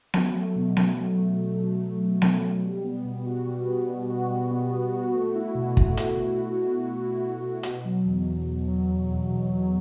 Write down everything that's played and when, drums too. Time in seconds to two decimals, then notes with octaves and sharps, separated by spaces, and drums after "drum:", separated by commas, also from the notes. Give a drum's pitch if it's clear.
0.14 F#3, drum: snare B3
0.34 A3
0.55 B2
0.77 B2, drum: snare B3
0.97 F#3
1.18 A3
1.38 B2
1.59 B2
1.81 F#3
2.01 A3
2.22 B2, drum: snare B3
2.43 B2
2.63 G3
2.84 B3
3.05 B2
3.26 F#4
3.46 G3
3.67 B3
3.89 B2
4.10 F#4
4.30 G3
4.51 B3
4.72 B2
4.93 F#4
5.14 A3
5.35 E4
5.55 B2
5.77 B2, drum: kick
5.97 A3, drum: hi-hat
6.17 E4
6.39 B2
6.59 B2
6.81 A3
7.01 E4
7.22 B2
7.43 B2
7.63 B2, drum: hi-hat
7.85 F#3
8.05 E2
8.26 E2
8.47 B2
8.68 F#3
8.89 E2
9.10 E2
9.31 B2
9.52 F#3